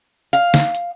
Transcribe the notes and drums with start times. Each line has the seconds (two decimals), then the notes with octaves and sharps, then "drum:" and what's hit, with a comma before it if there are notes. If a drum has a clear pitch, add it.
0.33 F5, drum: hi-hat
0.54 drum: snare
0.75 drum: hi-hat